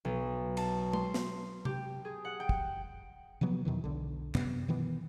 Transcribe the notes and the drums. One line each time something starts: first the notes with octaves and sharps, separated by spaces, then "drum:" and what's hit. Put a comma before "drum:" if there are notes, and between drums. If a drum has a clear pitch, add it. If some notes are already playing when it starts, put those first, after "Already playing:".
B1
A5, drum: cymbal
C6, drum: tom G#3
drum: snare
G4, drum: tom C3
G#4
F#5
G5
drum: kick
C3 F3 F#3 B3
E2 B2 D#3 E3
B1 D3
F#2 C3 B3, drum: clap
B2 D#3 E3 B3